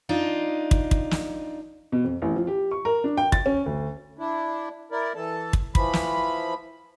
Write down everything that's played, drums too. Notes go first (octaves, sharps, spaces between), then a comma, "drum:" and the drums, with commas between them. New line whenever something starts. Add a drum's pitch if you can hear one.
D4 D#4 F4
drum: kick
drum: kick
drum: snare
B2
F2
A1
F3
G4
C#6
A#4
D4
G5
A6, drum: kick
C#4
D2
D4 E4
E4 A#4 D5
E3 A4 A5
drum: kick
E3 F3 B5, drum: kick
drum: snare